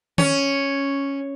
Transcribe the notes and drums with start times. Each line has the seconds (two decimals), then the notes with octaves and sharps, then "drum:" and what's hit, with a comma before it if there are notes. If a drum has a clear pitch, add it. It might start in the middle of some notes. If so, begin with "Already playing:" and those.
0.18 C#4, drum: tom D#3